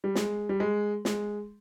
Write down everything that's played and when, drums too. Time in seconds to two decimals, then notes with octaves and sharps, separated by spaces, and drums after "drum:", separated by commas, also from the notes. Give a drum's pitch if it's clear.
0.04 G3
0.15 G#3, drum: snare
0.49 G3
0.60 G#3
1.05 G#3, drum: snare